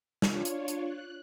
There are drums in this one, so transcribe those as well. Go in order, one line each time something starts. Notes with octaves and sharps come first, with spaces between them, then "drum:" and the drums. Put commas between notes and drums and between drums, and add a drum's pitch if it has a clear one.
D4 F4 C#5, drum: snare
drum: hi-hat
drum: hi-hat
F#6